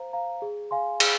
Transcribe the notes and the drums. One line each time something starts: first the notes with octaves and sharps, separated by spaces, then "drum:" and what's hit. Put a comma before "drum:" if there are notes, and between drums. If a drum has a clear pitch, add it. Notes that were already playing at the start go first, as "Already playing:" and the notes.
Already playing: C5 F5 A#5
F5 A#5
G#4
F5 G#5 C6
G#4, drum: cymbal